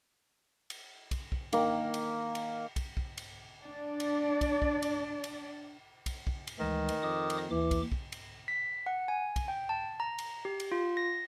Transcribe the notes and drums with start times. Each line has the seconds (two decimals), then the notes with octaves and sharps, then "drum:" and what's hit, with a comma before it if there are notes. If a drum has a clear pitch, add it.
0.70 drum: cymbal
1.11 drum: kick, cymbal
1.32 drum: kick
1.53 D#3 A#3, drum: cymbal
1.94 drum: cymbal
2.35 drum: cymbal
2.76 drum: kick, cymbal
2.97 drum: kick
3.17 drum: cymbal
3.62 D4 D5
4.00 drum: cymbal
4.41 drum: kick, cymbal
4.62 drum: kick
4.82 drum: cymbal
5.24 drum: cymbal
6.06 drum: kick, cymbal
6.27 drum: kick
6.47 drum: cymbal
6.59 D2 D#3 E3 G#3
6.89 drum: cymbal
7.03 F2 D#5 D6 D#6
7.30 drum: cymbal
7.50 D#2 E3 D6
7.71 drum: kick, cymbal
7.92 drum: kick
8.12 drum: cymbal
8.48 B6
8.86 F#5
9.08 G#5
9.36 drum: kick, cymbal
9.48 G5
9.69 A5
10.00 A#5
10.18 drum: cymbal
10.45 G4
10.60 drum: cymbal
10.72 F4
10.97 A#6